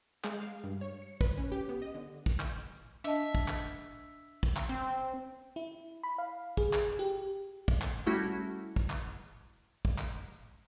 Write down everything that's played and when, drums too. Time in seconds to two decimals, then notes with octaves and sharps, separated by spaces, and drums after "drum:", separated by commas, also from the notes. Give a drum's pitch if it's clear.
0.24 G#3, drum: clap
0.40 F5
0.64 G2
0.81 C#5
1.02 C#7
1.21 B4, drum: kick
1.37 C#4
1.52 G4
1.69 B3
1.82 D#5
1.95 D3
2.26 drum: kick
2.40 drum: clap
3.04 D4 D#5 E5 A5
3.35 drum: kick
3.48 drum: clap
4.43 drum: kick
4.56 drum: clap
4.69 C4
5.56 E4
6.03 B5
6.18 F5
6.57 G#4, drum: kick
6.73 drum: clap
6.99 G4
7.68 drum: kick
7.82 drum: clap
8.06 G3 A3 C#4 E4 F#4
8.76 drum: kick
8.90 drum: clap
9.85 drum: kick
9.98 drum: clap